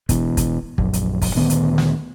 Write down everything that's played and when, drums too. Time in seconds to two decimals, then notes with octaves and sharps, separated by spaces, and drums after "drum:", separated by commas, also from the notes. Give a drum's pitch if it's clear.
0.09 B2 E3, drum: kick, hi-hat
0.37 drum: kick, hi-hat
0.78 A#1 F#2, drum: kick
0.93 drum: hi-hat
1.22 drum: kick, open hi-hat
1.35 D2 A#2 D#3 B3
1.50 drum: hi-hat
1.78 drum: snare